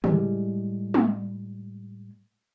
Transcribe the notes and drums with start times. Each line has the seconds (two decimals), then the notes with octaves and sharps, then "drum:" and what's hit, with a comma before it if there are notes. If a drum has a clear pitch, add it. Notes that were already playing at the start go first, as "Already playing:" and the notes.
0.04 A2 G3 G#3, drum: tom
0.94 drum: tom